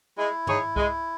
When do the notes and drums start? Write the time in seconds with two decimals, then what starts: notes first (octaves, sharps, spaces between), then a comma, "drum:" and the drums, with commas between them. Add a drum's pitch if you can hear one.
0.17 G#3 E4
0.47 D#4 G#4 C#5, drum: tom
0.76 G#3, drum: kick C2